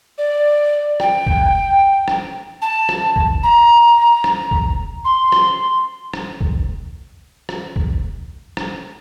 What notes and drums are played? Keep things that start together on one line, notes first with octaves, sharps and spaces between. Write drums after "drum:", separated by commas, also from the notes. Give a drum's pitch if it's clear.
D5
G5, drum: rim click
drum: kick B1
drum: rim click
A5
drum: rim click
drum: kick B1
A#5
drum: rim click
drum: kick B1
C6
drum: rim click
drum: rim click
drum: kick B1
drum: rim click
drum: kick B1
drum: rim click